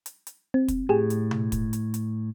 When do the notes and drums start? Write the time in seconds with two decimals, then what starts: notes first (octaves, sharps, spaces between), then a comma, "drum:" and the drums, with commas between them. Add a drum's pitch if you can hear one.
0.06 drum: hi-hat
0.27 drum: hi-hat
0.54 C4
0.68 drum: kick, hi-hat
0.89 A2 G4 G#4
1.10 drum: hi-hat
1.31 drum: tom B2
1.52 drum: kick, hi-hat
1.73 drum: hi-hat
1.94 drum: hi-hat